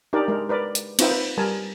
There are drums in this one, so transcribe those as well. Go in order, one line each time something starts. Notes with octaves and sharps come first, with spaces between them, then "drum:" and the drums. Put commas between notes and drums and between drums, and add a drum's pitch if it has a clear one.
D4 D#4 G4 A#4 D5
G#3 A#4
A#4 B4 D5
drum: hi-hat
C4 D#4 F4 B4 E5 G5, drum: cymbal
B4
G3 A#4 G#5 A5